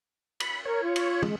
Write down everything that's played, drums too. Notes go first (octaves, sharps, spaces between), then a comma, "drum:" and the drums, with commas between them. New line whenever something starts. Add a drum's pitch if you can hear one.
B5, drum: cymbal
A#4 C#5
F4
drum: cymbal
G#3, drum: tom